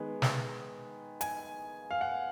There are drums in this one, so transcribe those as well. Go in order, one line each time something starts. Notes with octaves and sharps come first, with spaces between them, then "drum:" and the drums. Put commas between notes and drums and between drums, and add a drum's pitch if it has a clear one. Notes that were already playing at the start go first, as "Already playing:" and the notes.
Already playing: D#3 G#3 B3
drum: snare
G#5, drum: hi-hat
F5
F#5